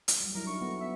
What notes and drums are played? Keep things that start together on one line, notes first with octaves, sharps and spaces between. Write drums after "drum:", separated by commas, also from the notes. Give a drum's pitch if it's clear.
drum: hi-hat
F#3 G3
F#3 E4 A#4
D4 D#4 C#6
B3 A4
E5